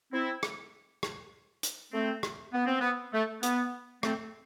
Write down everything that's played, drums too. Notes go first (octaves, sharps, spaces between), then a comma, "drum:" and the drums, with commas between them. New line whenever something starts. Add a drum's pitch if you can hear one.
C4 E4
drum: rim click
drum: rim click
drum: hi-hat
A3 C4
drum: rim click
B3
C4
B3
A3
B3, drum: hi-hat
A3 C4, drum: rim click